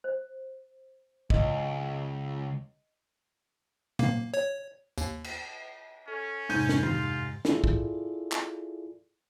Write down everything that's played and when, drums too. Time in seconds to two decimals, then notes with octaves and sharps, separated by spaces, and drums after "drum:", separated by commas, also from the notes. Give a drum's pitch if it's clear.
0.04 C5
1.30 C#2 D#5, drum: kick
3.99 A#3, drum: tom A#2
4.34 C#5
4.98 D#2, drum: tambourine
5.24 drum: cymbal
6.08 C#4 A4
6.49 F2 G#2 C3 G6 D#7, drum: open hi-hat
6.69 drum: snare
6.83 G2 F4, drum: tom D#3
7.45 E4 F4 G#4 A4 D5, drum: snare
7.64 drum: kick
8.32 drum: clap